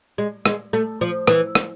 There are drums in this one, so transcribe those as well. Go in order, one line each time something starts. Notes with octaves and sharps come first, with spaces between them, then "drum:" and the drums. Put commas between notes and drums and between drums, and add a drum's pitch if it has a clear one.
G#3
G#3, drum: rim click
A3
F3
E3, drum: rim click
drum: rim click